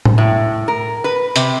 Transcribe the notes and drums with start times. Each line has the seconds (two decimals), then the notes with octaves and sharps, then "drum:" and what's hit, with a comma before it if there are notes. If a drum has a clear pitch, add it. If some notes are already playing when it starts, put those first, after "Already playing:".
0.05 drum: tom A2
0.18 A2
0.68 A#4
1.04 B4
1.36 C3, drum: hi-hat